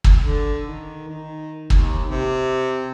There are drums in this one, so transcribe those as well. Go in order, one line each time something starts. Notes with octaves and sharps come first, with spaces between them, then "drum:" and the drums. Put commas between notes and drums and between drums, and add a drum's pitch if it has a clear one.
drum: kick
D3
D#3
D#3
D#2, drum: kick
C3